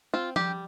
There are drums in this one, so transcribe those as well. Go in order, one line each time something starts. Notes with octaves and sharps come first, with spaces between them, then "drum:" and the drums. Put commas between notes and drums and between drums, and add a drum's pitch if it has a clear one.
C4 F4
G3 G4, drum: tom F3